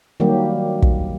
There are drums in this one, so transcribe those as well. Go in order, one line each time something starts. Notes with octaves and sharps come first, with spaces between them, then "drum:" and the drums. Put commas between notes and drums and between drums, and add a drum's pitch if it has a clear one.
D#3 F#3 G3 A#3 G4
drum: kick